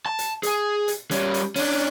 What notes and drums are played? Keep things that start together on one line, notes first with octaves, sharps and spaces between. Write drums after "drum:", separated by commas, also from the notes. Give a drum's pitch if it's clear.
A5
drum: hi-hat
G#4 G#5, drum: hi-hat
drum: hi-hat
G3 C#4, drum: hi-hat
drum: hi-hat
C#4 D4, drum: open hi-hat